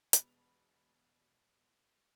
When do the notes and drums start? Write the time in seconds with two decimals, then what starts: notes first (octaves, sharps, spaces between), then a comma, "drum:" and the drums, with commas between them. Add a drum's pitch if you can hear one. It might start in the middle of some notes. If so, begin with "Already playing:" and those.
0.13 E1 B2 B5 F7, drum: hi-hat